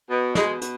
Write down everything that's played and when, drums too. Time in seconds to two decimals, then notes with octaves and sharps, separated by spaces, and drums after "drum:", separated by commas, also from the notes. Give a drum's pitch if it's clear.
0.10 B2
0.35 B2 G#3, drum: snare
0.62 B2, drum: hi-hat